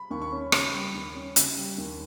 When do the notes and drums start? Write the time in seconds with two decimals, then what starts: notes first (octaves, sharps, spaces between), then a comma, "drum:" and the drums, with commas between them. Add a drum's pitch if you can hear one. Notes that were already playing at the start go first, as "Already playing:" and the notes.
Already playing: B5
0.10 D#2 C#6
0.22 C#6
0.31 C#4 B5
0.52 C#3 B5, drum: rim click
0.73 G3
0.94 D#2
1.15 C#4
1.36 C#3, drum: hi-hat
1.57 G3
1.78 D#2